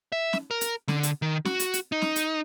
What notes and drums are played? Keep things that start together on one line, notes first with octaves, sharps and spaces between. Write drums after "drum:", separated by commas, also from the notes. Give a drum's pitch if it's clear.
E5
drum: snare
A#4
drum: hi-hat
D3, drum: snare
drum: hi-hat
D#3
F#4, drum: snare
drum: hi-hat
drum: hi-hat
D#4
drum: snare
drum: hi-hat